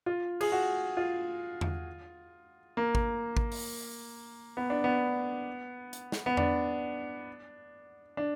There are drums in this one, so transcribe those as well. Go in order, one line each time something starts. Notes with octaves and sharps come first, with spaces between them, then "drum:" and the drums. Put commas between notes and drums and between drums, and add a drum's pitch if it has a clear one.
F4
G#4, drum: cymbal
F#4
F4
drum: tom E2
A#3
drum: kick G#1
drum: kick G#1
drum: open hi-hat
B3
D4
B3
drum: hi-hat
drum: snare
B3
D4, drum: tom E2
D4